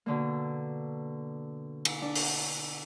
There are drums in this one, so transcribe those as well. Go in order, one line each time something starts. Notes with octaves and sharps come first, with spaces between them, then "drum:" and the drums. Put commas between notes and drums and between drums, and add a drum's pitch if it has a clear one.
B2 D3 A#3
drum: cymbal
D4
drum: open hi-hat